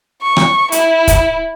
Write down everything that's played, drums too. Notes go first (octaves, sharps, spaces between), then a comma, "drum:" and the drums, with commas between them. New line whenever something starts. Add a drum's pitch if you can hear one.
C#6
drum: rim click
E4, drum: hi-hat
drum: kick, hi-hat